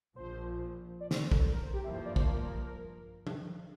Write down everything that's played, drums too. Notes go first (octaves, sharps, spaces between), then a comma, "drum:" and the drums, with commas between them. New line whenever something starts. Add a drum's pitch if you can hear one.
A#1 A#2 F3 C5
D5
C5, drum: snare
A#4
A4, drum: kick
C5
A#4
C5
G4
G2 F3 A#3 E4
C5
D5
C5, drum: kick
A#4
drum: tom